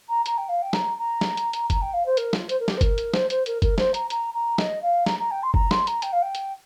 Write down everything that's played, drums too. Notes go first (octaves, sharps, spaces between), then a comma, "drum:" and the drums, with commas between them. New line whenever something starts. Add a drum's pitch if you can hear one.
A#5
A#5, drum: hi-hat
G5
F5
G5
A#5, drum: snare
A#5
drum: snare
drum: hi-hat
drum: hi-hat
A#5, drum: kick, hi-hat
G5
F5
C5
A#4, drum: hi-hat
F4, drum: snare
C5, drum: hi-hat
A#4
G4, drum: snare
C5
A#4, drum: kick, hi-hat
drum: hi-hat
C5, drum: snare
C5, drum: hi-hat
A#4, drum: hi-hat
A#4, drum: kick, hi-hat
C5, drum: snare
A#5, drum: hi-hat
A#5, drum: hi-hat
A#5
D#5, drum: snare
F5
A#5, drum: snare
A#5
G5
C6
A#5, drum: kick
C6, drum: snare
A#5, drum: hi-hat
G5, drum: hi-hat
F5
G5
drum: hi-hat